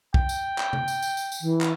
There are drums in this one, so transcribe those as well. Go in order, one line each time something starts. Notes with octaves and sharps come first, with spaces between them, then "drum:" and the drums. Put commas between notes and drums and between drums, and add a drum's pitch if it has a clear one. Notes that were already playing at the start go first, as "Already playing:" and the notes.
G5, drum: kick B1
drum: tambourine
drum: clap
drum: tom C3
drum: tambourine
drum: tambourine
drum: tambourine
drum: tambourine
E3
drum: clap